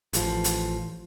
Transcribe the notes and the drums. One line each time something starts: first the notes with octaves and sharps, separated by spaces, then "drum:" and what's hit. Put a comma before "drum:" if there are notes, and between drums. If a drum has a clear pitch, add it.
A1 F3, drum: hi-hat
drum: hi-hat